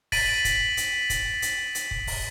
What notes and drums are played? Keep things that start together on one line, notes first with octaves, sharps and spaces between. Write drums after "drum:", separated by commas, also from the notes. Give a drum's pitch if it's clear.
A6 B6 D7 D#7 F#7, drum: kick, open hi-hat
drum: kick, hi-hat
drum: hi-hat
drum: kick, hi-hat
drum: hi-hat
drum: hi-hat
drum: kick
drum: kick, open hi-hat